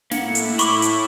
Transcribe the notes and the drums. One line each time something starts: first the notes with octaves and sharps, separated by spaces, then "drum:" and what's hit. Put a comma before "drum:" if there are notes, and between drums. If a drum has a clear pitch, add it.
A2 A#3 E4 F#5, drum: snare
drum: hi-hat
B5 C#6 D6, drum: hi-hat
drum: hi-hat